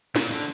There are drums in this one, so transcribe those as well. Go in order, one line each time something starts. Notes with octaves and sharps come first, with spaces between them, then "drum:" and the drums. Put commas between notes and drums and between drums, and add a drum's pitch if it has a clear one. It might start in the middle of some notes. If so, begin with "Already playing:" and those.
A#2, drum: snare
D3, drum: hi-hat